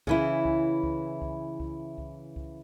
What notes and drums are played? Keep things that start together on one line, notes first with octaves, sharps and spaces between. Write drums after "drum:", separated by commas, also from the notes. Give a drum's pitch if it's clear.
C#3 E3 E4, drum: kick C2
drum: kick C2
drum: kick C2
drum: kick C2
drum: kick C2
drum: kick C2
drum: kick C2